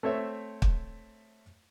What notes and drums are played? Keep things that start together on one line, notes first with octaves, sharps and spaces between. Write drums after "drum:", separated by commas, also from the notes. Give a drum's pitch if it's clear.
A3 C4 C#5 E5
drum: kick